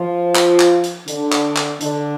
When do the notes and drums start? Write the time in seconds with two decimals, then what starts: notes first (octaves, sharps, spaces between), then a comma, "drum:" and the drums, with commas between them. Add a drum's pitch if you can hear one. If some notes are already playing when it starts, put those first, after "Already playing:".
Already playing: F3 F4
0.35 drum: clap
0.60 drum: clap
0.84 drum: hi-hat
1.08 D3 D4, drum: hi-hat
1.32 drum: clap
1.56 drum: clap
1.81 D3 D4, drum: hi-hat